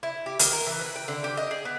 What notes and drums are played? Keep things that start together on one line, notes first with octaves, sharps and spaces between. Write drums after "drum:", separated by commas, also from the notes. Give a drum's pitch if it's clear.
E4
G4
D#3, drum: hi-hat
A#4
E3
B4
G5
D3
G4
D#5
G#4
B3